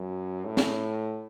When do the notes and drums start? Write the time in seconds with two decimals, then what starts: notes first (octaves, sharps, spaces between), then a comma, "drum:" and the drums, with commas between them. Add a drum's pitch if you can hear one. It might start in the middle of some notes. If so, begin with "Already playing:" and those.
Already playing: F#2
0.46 A2
0.57 drum: snare